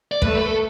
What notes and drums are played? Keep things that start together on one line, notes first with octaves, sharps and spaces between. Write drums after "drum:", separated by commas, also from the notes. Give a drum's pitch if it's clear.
D5
A3 B4, drum: kick
B4
A4